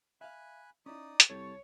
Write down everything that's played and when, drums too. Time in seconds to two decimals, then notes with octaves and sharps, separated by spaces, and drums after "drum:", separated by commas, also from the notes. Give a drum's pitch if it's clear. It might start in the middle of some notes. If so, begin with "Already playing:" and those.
0.21 E5 F5 G#5 B5 F#6
0.86 C#4 D#4 E4 D5 D#6
1.20 drum: hi-hat
1.29 C2 G4 A4 C#5 A5